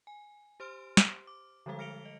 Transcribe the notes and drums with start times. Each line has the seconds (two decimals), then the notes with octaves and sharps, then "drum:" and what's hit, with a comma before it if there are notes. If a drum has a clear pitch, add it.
0.07 G#5
0.60 G4 C5 C6 F6 D7
0.97 drum: snare
1.27 D6
1.66 D3 F3 G3 G#3 A4 F5
1.79 F6 A#6 C#7 D7 F7 G7
2.05 D#5